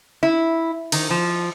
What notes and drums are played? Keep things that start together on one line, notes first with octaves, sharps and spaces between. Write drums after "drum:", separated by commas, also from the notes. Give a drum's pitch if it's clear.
E4
D#3, drum: cymbal
F3